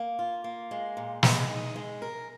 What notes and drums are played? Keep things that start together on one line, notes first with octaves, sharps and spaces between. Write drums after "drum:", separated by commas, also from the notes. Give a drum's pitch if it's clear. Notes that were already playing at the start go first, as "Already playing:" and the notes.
Already playing: A#3
F4
A#3
G#3
A#2
G#3, drum: snare
D#4
G#3
A#4